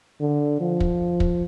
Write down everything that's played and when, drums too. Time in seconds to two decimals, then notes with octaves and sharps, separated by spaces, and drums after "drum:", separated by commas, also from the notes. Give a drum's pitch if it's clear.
0.21 D3
0.60 F3
0.80 drum: kick
1.20 drum: kick